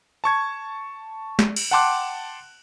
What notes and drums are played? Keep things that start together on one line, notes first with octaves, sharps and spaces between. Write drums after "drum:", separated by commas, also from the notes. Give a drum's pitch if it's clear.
A5 C#6 G#6
drum: snare
drum: cymbal
F#5 G5 A5 C6 D6 F#6